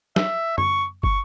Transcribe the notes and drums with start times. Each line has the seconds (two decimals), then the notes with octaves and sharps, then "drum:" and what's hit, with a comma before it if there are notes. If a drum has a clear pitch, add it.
0.16 E5, drum: snare
0.58 C#6, drum: tom F#2
1.03 C#6, drum: kick